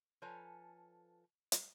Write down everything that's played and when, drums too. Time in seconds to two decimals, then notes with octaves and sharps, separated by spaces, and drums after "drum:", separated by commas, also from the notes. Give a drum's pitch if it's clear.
0.22 F3 A4 B4 C#5 G#5 A#5
1.52 drum: hi-hat